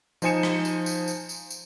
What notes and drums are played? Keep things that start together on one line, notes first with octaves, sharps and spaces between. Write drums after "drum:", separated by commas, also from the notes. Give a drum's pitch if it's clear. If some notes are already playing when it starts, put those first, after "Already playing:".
F3 D#4 C5 G#5 C#7 E7, drum: tambourine
drum: rim click
drum: tambourine
drum: tambourine
drum: tambourine
drum: tambourine
drum: tambourine